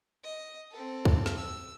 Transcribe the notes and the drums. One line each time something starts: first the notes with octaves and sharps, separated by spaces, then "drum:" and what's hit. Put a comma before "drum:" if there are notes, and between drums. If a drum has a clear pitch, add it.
D#5
C4 A4
drum: kick
drum: snare
E6